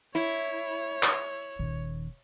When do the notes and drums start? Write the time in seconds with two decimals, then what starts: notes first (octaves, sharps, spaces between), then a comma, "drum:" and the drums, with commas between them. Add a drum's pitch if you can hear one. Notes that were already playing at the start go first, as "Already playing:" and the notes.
0.15 E4 C#5, drum: hi-hat
1.03 drum: clap
1.59 D#1 D#3